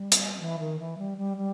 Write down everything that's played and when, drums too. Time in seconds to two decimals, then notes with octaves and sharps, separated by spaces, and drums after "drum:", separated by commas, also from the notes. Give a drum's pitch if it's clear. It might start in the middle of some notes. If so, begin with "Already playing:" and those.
Already playing: G3
0.12 drum: hi-hat
0.40 E3
0.59 D#3
0.79 E3
0.98 G3
1.18 G3
1.37 G3